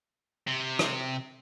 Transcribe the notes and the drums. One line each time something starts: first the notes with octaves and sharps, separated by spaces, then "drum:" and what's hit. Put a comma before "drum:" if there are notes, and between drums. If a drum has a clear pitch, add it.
C3
drum: rim click